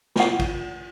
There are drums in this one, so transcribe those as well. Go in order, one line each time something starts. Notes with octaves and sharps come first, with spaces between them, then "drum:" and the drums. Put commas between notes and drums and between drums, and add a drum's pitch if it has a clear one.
F4 F#5, drum: snare
drum: kick, cymbal